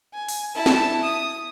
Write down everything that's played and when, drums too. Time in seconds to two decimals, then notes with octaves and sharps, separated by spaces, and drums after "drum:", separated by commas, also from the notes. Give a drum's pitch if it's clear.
0.14 G#5
0.28 drum: open hi-hat
0.55 E4 A5
0.66 drum: snare
1.03 D#6